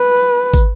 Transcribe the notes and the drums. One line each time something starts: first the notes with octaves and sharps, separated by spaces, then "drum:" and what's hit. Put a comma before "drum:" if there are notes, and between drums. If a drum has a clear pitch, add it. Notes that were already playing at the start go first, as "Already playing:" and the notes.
Already playing: B4
drum: kick, tambourine